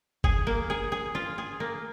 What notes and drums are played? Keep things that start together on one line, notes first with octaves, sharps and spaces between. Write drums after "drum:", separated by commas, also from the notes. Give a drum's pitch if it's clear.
G#4, drum: kick F#1
A#3
G#4
G#4
F4
G#4
A#3